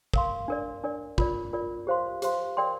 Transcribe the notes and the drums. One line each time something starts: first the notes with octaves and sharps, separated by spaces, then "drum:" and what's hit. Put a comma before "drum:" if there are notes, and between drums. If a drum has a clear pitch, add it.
A#4 F5 C6, drum: kick
D4 A#4 D5
D4 A#4 D5
F4 A#4 D5, drum: kick
F4 A#4 D5
G4 C5 F5 C6
G4 C5 F5 C6, drum: hi-hat
A#4 D5 G5 C6